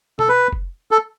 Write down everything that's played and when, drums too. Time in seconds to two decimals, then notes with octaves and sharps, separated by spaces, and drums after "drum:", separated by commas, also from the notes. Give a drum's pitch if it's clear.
0.19 A4, drum: tom B2
0.29 B4
0.53 drum: kick F1
0.91 A4